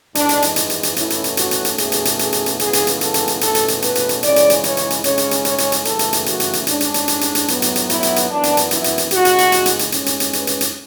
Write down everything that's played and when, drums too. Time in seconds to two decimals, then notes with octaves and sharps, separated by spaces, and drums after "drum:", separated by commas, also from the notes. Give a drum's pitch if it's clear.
0.15 G#2 E3 G#3 D4, drum: hi-hat
0.29 drum: hi-hat
0.42 drum: hi-hat
0.56 drum: hi-hat
0.70 drum: hi-hat
0.83 drum: hi-hat
0.96 E2 B2 A3 C#4 E4, drum: hi-hat
1.10 drum: hi-hat
1.24 drum: hi-hat
1.37 F#4, drum: hi-hat
1.51 drum: hi-hat
1.65 drum: hi-hat
1.78 E2 B2 A3 C#4 G#4, drum: hi-hat
1.92 drum: hi-hat
2.05 drum: hi-hat
2.19 G#4, drum: hi-hat
2.32 drum: hi-hat
2.46 drum: hi-hat
2.59 C#3 E3 G#3 B3 G#4, drum: hi-hat
2.73 drum: hi-hat
2.87 drum: hi-hat
3.01 A4, drum: hi-hat
3.14 drum: hi-hat
3.28 drum: hi-hat
3.41 E2 B2 A3 C#4 A4, drum: hi-hat
3.55 drum: hi-hat
3.68 drum: hi-hat
3.82 B4, drum: hi-hat
3.95 drum: hi-hat
4.09 drum: hi-hat
4.23 C#3 E3 G#3 C#4 D5, drum: hi-hat
4.36 drum: hi-hat
4.50 drum: hi-hat
4.64 C#5, drum: hi-hat
4.77 drum: hi-hat
4.90 drum: hi-hat
5.04 C#3 G#3 C#4 C#5, drum: hi-hat
5.18 drum: hi-hat
5.31 drum: hi-hat
5.45 C#5, drum: hi-hat
5.58 drum: hi-hat
5.72 drum: hi-hat
5.85 F#2 C#3 E3 A3 A4, drum: hi-hat
5.99 drum: hi-hat
6.13 drum: hi-hat
6.26 F#4, drum: hi-hat
6.40 drum: hi-hat
6.53 drum: hi-hat
6.67 G#2 G#3 C#4 D4, drum: hi-hat
6.81 drum: hi-hat
6.94 drum: hi-hat
7.08 drum: hi-hat
7.21 drum: hi-hat
7.35 drum: hi-hat
7.48 A2 F#3 B3, drum: hi-hat
7.62 drum: hi-hat
7.76 drum: hi-hat
7.90 E4, drum: hi-hat
8.03 drum: hi-hat
8.16 drum: hi-hat
8.29 F#2 E3 B3 D4
8.43 drum: hi-hat
8.57 drum: hi-hat
8.71 E4, drum: hi-hat
8.84 drum: hi-hat
8.98 drum: hi-hat
9.11 E2 C#3 G#3 F#4, drum: hi-hat
9.25 drum: hi-hat
9.38 drum: hi-hat
9.52 drum: hi-hat
9.66 drum: hi-hat
9.79 drum: hi-hat
9.92 G#2 G#3 C#4, drum: hi-hat
10.06 drum: hi-hat
10.20 drum: hi-hat
10.33 B4, drum: hi-hat
10.47 drum: hi-hat
10.61 drum: hi-hat